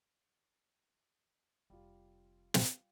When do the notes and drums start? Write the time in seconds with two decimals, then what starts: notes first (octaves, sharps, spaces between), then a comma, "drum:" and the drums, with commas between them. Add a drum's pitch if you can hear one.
1.70 F1 G3 F4
2.54 drum: snare